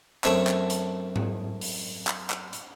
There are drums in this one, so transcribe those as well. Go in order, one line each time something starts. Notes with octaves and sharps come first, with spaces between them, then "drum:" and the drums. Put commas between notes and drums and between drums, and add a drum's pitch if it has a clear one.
F#2 A3 C4 D4 C#5 E5, drum: clap
drum: clap
drum: hi-hat
drum: tom G#2
drum: open hi-hat
drum: clap
drum: clap
drum: hi-hat